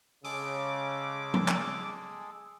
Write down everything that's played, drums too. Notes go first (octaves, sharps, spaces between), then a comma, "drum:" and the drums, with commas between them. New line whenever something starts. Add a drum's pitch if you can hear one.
C#3 G#3 G#4 A4 D6, drum: open hi-hat
drum: tom F3
drum: clap